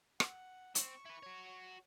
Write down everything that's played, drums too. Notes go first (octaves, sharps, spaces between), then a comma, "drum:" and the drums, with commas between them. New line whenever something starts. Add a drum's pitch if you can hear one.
F#5, drum: rim click
C4 C#6, drum: hi-hat
E4 B4
F#4 C#5